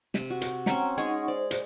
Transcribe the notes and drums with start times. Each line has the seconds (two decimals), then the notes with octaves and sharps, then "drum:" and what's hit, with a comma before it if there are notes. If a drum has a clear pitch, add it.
0.14 C3, drum: snare
0.30 F#4
0.41 drum: hi-hat
0.66 C4 C#4 F#5 A#5 C#6, drum: snare
0.98 G#3 D#4 G#4 C#5 F#5 C#6
1.28 C5 D5
1.51 drum: hi-hat